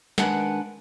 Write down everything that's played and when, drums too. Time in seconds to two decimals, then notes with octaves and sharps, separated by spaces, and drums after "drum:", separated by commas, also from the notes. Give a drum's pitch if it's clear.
0.18 D#3 G#3 D4 B4 F#5, drum: snare